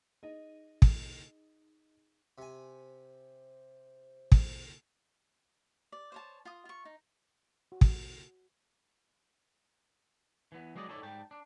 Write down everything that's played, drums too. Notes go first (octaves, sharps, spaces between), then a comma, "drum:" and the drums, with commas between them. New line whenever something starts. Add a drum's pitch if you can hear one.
D#4 G#4 D#5
drum: kick
C3 C5 G#5
drum: kick
D5
C5 C#5 A5
F4 D#6
F4 C#6
D#4
F#4
drum: kick
E3 B3
F#3 G#3 G#4 D5 D#5
D#4 E4 A4 C#5 D5
G#2 G3 G5 A5
D4